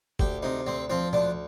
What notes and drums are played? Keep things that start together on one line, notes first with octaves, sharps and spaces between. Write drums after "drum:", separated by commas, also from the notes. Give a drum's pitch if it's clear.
D2 G4, drum: kick
C3 D#4
D2 C4
F3 C4
D2 D4, drum: tom